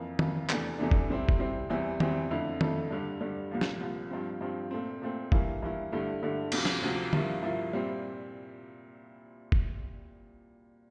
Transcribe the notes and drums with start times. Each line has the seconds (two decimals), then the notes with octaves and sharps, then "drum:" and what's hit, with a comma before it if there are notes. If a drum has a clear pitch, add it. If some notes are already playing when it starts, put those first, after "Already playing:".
Already playing: F2 E3 A#3
0.19 F2 E3 A#3, drum: tom
0.49 E2 C3 E3 A3 D4, drum: clap
0.79 E2 C3 E3 A3 D4
0.91 drum: kick F#1
1.10 C3 G3 C4 E4
1.29 drum: kick F#1
1.39 C3 G3 C4 E4
1.70 E2 E3 G3 C4 E4
2.00 E2 E3 G3 C4 E4, drum: tom
2.31 F2 D3 A3 E4
2.61 F2 D3 A3 E4, drum: tom
2.91 G2 D3 G3
3.21 G2 D3 G3
3.51 C2 A#2 F3
3.61 drum: snare
3.80 C2 A#2 F3
4.11 G2 F3 C4
4.41 G2 F3 C4
4.71 A#2 A3 C4
5.02 A#2 A3 C4
5.32 G2 E3 A#3 E4, drum: kick F#1
5.62 G2 E3 A#3 E4
5.92 G2 D3 A3 E4
6.23 G2 D3 A3 E4
6.52 D2 C3 F3, drum: cymbal
6.65 drum: snare
6.83 D2 C3 F3
7.13 G2 F3 A#3 E4, drum: tom
7.42 G2 F3 A#3 E4
7.73 A#2 G3 C4 E4
9.52 drum: kick F#1